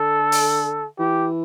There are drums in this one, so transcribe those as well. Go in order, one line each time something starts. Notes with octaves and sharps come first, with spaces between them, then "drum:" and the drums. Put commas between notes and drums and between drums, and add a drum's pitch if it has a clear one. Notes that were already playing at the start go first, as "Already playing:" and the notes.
Already playing: D3 A4
drum: open hi-hat
E3 G4